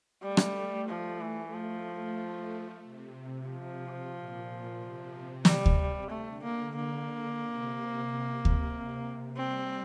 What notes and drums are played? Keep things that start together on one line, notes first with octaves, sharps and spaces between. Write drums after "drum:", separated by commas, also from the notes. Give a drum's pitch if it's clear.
G3 A3
drum: rim click
F3
E3
F3
C3
F3
A#2
C3
G3, drum: snare
drum: kick D2
D3 A3
A#3
A#3
C3
C3
C3
drum: kick D2
G3 C4